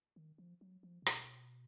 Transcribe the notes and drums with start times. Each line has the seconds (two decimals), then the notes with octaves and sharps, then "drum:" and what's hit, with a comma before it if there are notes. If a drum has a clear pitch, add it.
0.16 D#3
0.38 F3
0.61 F#3
0.83 F3
1.02 C3
1.06 B2, drum: rim click